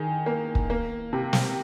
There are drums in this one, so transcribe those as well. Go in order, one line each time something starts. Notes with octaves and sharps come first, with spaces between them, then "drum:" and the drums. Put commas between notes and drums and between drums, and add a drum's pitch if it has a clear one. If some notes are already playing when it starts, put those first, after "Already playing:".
Already playing: D#3 G#4
A#3
drum: kick
A#3
C3
drum: snare